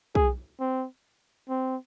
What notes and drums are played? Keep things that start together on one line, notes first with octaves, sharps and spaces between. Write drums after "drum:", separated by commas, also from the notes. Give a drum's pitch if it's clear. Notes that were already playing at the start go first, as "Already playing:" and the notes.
G#4, drum: kick
C4
C4